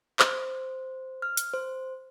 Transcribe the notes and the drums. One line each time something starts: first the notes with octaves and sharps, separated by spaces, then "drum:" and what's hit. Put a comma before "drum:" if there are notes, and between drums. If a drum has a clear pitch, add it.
C5, drum: clap
F6
drum: hi-hat
C5